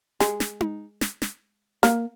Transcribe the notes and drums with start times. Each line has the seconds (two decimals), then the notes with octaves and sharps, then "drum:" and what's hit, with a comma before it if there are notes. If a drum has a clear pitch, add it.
0.20 G#3, drum: snare
0.40 drum: snare
0.61 drum: tom D#4
1.01 drum: snare
1.22 drum: snare
1.83 A#3, drum: snare